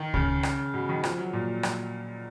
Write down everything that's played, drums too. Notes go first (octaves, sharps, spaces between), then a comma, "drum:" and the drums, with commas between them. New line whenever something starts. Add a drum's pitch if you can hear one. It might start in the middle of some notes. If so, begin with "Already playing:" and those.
Already playing: D#3
C#3, drum: kick C#2
drum: rim click
B2
D#3
F3, drum: rim click
F#3
A#2
drum: rim click